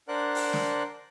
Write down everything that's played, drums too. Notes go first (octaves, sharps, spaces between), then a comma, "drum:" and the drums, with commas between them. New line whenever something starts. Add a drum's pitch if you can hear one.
D4 A#4 C5 D5 F#5 F#6
drum: open hi-hat
drum: snare